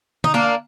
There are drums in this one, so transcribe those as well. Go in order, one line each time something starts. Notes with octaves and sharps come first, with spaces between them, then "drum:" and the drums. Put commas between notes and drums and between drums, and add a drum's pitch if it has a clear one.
D#4, drum: tom D3
A#3 D4